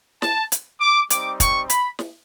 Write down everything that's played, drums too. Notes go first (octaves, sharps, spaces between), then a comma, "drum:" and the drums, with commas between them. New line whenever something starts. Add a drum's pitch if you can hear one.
A5, drum: snare
drum: hi-hat
D6
G3 C4 D#4 D6, drum: hi-hat
C#6, drum: kick, hi-hat
B5, drum: hi-hat
drum: snare